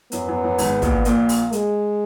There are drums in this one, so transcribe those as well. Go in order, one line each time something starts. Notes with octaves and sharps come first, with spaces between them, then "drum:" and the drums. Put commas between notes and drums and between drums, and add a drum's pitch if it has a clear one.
F#2 B3, drum: hi-hat
F#2
F#2
G#1 G#2, drum: open hi-hat
A#1 A#2, drum: kick, hi-hat
A#1 A#2 A#3, drum: hi-hat
drum: open hi-hat
G#3, drum: hi-hat